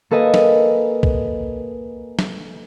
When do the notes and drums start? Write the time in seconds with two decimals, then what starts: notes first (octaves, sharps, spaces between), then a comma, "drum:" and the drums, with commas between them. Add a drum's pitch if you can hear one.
0.11 A#3 A4 B4 D#5 G#5
0.34 drum: snare
1.03 drum: kick B1
2.19 drum: snare